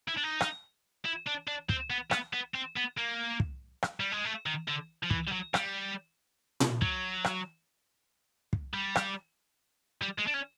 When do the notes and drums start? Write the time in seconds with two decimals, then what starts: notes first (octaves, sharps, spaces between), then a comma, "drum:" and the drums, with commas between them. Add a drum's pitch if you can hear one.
0.08 E4
0.18 D4
0.24 D#4
0.41 drum: rim click
1.05 E4
1.27 D4
1.48 D4
1.69 C4, drum: kick
1.90 B3
2.11 B3, drum: rim click
2.33 B3
2.54 C4
2.76 B3
2.97 A#3
3.40 drum: kick
3.82 drum: rim click
4.00 G3
4.12 G#3
4.25 A3
4.46 D#3
4.68 D3
5.03 F3
5.11 E3, drum: kick
5.28 G3
5.32 F#3
5.54 G3, drum: rim click
6.60 drum: tom A#2
6.82 F#3, drum: kick
7.24 drum: rim click
8.53 drum: kick
8.74 G3
8.95 drum: rim click
10.02 G3
10.18 G#3
10.27 D4
10.34 C#4